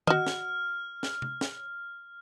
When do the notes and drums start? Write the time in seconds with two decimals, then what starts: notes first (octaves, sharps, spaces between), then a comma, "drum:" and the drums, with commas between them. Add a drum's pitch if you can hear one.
0.07 F#4 D#5 F6, drum: tom D#3
0.27 drum: snare
1.03 drum: snare
1.22 drum: tom C3
1.41 drum: snare